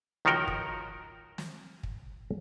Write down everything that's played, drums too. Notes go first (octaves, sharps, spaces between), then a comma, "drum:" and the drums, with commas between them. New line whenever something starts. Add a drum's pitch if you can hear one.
C#2 D#3 F3 F#4 A#4 G5
drum: kick
drum: snare
drum: kick